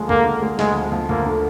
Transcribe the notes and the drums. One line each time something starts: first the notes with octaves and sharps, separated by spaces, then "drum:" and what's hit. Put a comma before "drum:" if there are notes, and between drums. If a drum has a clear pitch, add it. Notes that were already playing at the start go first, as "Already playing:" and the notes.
Already playing: D2 F3 G#3
D3 A#3, drum: kick
D3
G#3
D2 G#3, drum: snare
F3
F3
D2 A#3, drum: kick
D3